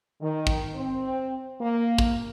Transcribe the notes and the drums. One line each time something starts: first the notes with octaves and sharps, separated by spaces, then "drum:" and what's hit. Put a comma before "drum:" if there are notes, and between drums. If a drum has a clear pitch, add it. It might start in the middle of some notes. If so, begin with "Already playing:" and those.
D#3
drum: kick
C4
A#3
drum: kick